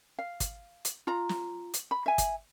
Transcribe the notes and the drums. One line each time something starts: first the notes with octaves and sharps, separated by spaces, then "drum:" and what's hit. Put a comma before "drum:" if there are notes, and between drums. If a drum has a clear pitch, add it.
F5
drum: kick, hi-hat
drum: hi-hat
F4 A#5
drum: snare
drum: hi-hat
B5
E5 G#5
drum: kick, hi-hat